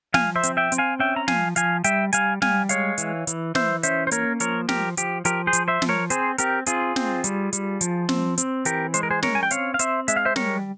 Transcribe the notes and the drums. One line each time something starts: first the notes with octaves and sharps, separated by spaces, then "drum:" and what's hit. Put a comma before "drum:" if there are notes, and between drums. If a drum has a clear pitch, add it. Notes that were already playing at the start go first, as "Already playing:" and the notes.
F3 F5 G#5, drum: snare
C5 E5
C4, drum: hi-hat
E5 G5
C4, drum: hi-hat
F5 G#5
C#4 E5 G5
A#5
F3 F5 G#5, drum: snare
F3 F5 G#5, drum: hi-hat
G3 E5 G5, drum: hi-hat
G3 F5 G#5, drum: hi-hat
G3 F5 G#5, drum: snare
G#3 C#5 F5, drum: hi-hat
E3, drum: hi-hat
E3, drum: hi-hat
E3 C5 E5, drum: snare
C#4 C5 E5, drum: hi-hat
C5
A#3 A#4 C#5, drum: hi-hat
F3 A#4 C#5, drum: hi-hat
F3 G4 A#4, drum: snare
F3 G4, drum: hi-hat
F3 G4 A#4, drum: hi-hat
G#4 C5
F3, drum: hi-hat
C5 E5
F3, drum: snare
A#4 C#5
C4 G#4 C5, drum: hi-hat
C4 G4 A#4, drum: hi-hat
C4 F4 G#4, drum: hi-hat
C4, drum: snare
G3, drum: hi-hat
G3, drum: hi-hat
F3, drum: hi-hat
C4, drum: snare
C4, drum: hi-hat
E3 G4 A#4, drum: hi-hat
G#3 C5, drum: hi-hat
A#4
G#4 C5
C#4 A#4 C#5, drum: snare
G#5
G5
C4 C#5 F5, drum: hi-hat
F5
C4 C5 E5, drum: hi-hat
G#3 E5, drum: hi-hat
F5
C5 E5
G3 A#4 C#5, drum: snare